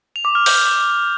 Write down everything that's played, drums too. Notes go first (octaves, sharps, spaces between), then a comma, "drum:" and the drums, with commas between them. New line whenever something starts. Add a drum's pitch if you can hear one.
F7
D6
F6
G6, drum: open hi-hat
F6
D6